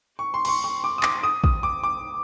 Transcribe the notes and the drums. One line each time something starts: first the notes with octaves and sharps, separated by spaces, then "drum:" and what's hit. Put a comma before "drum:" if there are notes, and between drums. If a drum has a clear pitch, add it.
C#6
C6
C6, drum: cymbal
C#6
C#6
D6
D#6
D6, drum: clap
D#6
D#6, drum: kick
D6
D6